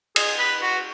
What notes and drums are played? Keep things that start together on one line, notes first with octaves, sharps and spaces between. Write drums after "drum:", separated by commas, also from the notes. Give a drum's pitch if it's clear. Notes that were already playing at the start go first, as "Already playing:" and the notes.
G#4, drum: cymbal
B4
F#4